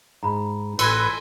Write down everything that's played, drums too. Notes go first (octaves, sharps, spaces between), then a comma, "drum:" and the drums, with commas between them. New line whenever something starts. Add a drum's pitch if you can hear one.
G#2 A#5 B5
A1 A4 B4 G#5 C6 A#6, drum: cymbal